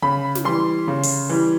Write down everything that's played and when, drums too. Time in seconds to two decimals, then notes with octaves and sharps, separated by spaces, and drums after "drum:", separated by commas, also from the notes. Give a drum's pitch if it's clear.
0.02 C#3 B5
0.35 drum: snare
0.44 E3 G3 C6
0.88 C#3
1.04 drum: open hi-hat
1.29 E3 G3